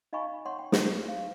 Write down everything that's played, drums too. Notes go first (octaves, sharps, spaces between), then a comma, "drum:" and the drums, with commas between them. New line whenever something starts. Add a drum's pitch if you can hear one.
D#4 D#5 F5 G#5 B5 C#6
C#5 F#5 C6 C#6
G5
drum: snare
F5